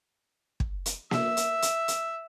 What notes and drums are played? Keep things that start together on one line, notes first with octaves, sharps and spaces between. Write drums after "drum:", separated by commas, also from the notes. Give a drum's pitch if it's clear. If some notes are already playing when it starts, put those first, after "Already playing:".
drum: kick
drum: hi-hat
E5, drum: snare A#3
drum: hi-hat
drum: hi-hat
drum: hi-hat